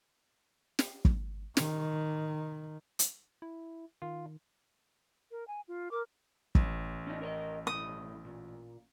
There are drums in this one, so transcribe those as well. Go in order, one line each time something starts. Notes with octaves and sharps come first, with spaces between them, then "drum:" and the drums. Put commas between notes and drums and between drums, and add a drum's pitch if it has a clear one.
drum: snare
drum: kick
D#3, drum: snare
drum: hi-hat
E4
D#3 F4
A#4
G#5
F4
A#4 D6
A1, drum: kick
C#4 D#4
A#4 C#5 D#5
B1 A2 A3 D#6
A#2